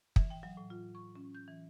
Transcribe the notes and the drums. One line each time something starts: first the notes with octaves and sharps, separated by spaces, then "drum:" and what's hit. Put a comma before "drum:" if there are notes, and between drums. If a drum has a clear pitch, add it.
E3, drum: kick
G5
F#3
A2
F4
C#6
C#4
G6
E3